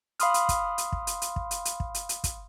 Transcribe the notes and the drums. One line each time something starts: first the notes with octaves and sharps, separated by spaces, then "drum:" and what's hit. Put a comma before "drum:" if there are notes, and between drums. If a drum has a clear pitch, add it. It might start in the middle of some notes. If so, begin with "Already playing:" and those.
F5 B5 C6 D#6 F6, drum: hi-hat
drum: hi-hat
drum: kick, hi-hat
drum: hi-hat
drum: kick
drum: hi-hat
drum: hi-hat
drum: kick
drum: hi-hat
drum: hi-hat
drum: kick
drum: hi-hat
drum: hi-hat
drum: kick, hi-hat